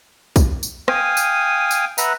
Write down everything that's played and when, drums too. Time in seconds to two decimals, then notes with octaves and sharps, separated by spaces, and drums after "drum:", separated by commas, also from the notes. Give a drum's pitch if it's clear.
0.36 drum: kick, tambourine
0.63 drum: tambourine
0.88 F5 G5 G#5 D#6, drum: rim click
1.17 drum: tambourine
1.71 drum: tambourine
1.98 B4 E5 F#5 A#5, drum: tambourine